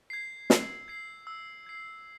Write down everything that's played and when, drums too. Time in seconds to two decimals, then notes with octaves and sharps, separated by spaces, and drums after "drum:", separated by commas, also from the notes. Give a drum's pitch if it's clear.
0.10 G#6 C7
0.50 E6, drum: snare
0.88 G#6 C7
1.27 E6
1.66 G#6 C7